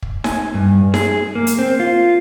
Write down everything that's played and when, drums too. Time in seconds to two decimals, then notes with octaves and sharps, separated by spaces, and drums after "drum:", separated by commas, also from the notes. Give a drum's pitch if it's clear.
0.02 drum: kick
0.24 G#5, drum: snare D#4
0.54 G2
0.94 G#4, drum: snare D#4
1.35 A#3
1.47 drum: hi-hat
1.59 C4
1.80 F4